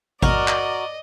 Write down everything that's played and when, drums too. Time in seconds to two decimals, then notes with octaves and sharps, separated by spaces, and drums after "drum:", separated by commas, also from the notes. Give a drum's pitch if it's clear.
0.22 F#4 A#4 D5 D#5, drum: kick G#1
0.48 drum: clap